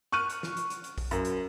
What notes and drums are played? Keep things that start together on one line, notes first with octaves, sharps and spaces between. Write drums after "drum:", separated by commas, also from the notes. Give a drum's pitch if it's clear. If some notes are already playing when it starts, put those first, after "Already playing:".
C#6 F6 F#6 D#7
drum: hi-hat
drum: snare
drum: hi-hat
drum: hi-hat
drum: hi-hat
drum: kick A#1, open hi-hat
F#2, drum: hi-hat
drum: hi-hat